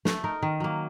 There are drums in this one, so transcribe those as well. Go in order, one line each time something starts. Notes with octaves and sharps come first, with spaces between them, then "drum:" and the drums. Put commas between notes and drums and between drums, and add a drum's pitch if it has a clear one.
A3, drum: snare
D#4 A#4
D#3
F#3 A#3